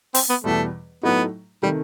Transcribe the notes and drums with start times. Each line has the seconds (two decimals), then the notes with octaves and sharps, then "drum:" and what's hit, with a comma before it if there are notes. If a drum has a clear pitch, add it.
0.15 C4, drum: open hi-hat
0.30 B3
0.44 E2 B2 G3 A3
1.03 A2 F#3 A3 B3 D#4
1.62 C3 D#3 G3 A3